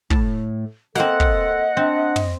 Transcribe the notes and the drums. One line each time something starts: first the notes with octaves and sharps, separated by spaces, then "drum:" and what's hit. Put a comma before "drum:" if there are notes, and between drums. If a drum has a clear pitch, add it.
A2 A5, drum: kick
A#3 C4 A4 D#5 F#5, drum: snare
drum: kick
C4 D4
drum: tom